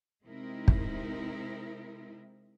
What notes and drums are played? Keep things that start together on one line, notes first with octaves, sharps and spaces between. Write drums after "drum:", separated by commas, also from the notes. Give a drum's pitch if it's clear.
C3 G#3 C4 D#4 E4 A#4
drum: kick